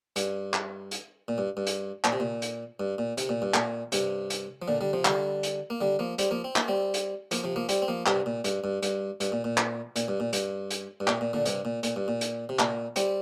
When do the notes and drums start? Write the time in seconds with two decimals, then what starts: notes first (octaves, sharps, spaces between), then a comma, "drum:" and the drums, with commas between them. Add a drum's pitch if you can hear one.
0.16 G2, drum: hi-hat
0.54 drum: clap
0.91 drum: hi-hat
1.28 A#2
1.38 G2
1.57 G2
1.67 drum: hi-hat
2.04 A#2, drum: clap
2.12 C3
2.20 A#2
2.42 drum: hi-hat
2.80 G2
2.98 A#2
3.18 C3, drum: hi-hat
3.29 A#2
3.42 G2
3.54 A#2, drum: clap
3.92 G2 C3, drum: hi-hat
4.30 drum: hi-hat
4.62 F3
4.68 A#2 D3
4.81 D3 G3
4.93 C3 F3
5.05 D3 G3, drum: clap
5.43 drum: hi-hat
5.70 A#3
5.81 D3 G3
5.99 F3 A#3
6.18 G3 C4, drum: hi-hat
6.31 F3 A#3
6.44 C4
6.56 A#3, drum: clap
6.68 G3 C4
6.94 drum: hi-hat
7.31 F3 A#3, drum: hi-hat
7.44 C3 F3
7.56 F3 A#3
7.69 G3 C4, drum: hi-hat
7.82 C4
7.88 F3 A#3
8.06 G2 C3, drum: clap
8.26 A#2
8.44 G2, drum: hi-hat
8.64 G2
8.83 G2, drum: hi-hat
9.20 G2, drum: hi-hat
9.32 A#2
9.44 A#2
9.58 drum: clap
9.96 A#2, drum: hi-hat
10.08 G2
10.20 A#2
10.33 G2, drum: hi-hat
10.71 drum: hi-hat
11.00 G2
11.08 A#2, drum: clap
11.21 A#2
11.33 A#2 D3
11.46 G2 C3, drum: hi-hat
11.65 A#2
11.83 A#2, drum: hi-hat
11.96 G2
12.08 A#2
12.21 drum: hi-hat
12.49 C3
12.59 A#2, drum: clap
12.96 G3 C4, drum: hi-hat